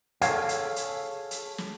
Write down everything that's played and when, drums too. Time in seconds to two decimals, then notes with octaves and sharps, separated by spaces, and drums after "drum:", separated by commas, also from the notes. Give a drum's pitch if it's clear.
0.21 G#4 A4 C#5 F5, drum: hi-hat
0.49 drum: hi-hat
0.76 drum: hi-hat
1.31 drum: hi-hat
1.58 drum: snare